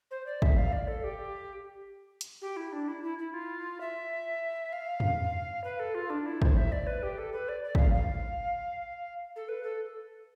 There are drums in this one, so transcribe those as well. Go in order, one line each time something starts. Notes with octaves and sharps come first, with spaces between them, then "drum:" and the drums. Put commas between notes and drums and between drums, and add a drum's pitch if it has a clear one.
C5
D5
E5, drum: kick
F5
D5
A4
G4
drum: hi-hat
G4
E4
D4
E4
E4
E4
F4
E5
F5
drum: tom
B4
A4
F4
D4
E4
C5, drum: kick
E5
D5
B4
G4
A4
B4
D5
D5
E5, drum: kick
F5
F5
A4
B4
A4